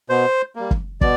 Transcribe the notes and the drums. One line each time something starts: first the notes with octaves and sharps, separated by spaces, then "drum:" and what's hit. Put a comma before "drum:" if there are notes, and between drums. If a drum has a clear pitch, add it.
B2 C5
G3 A#3
drum: kick
B2 D5, drum: kick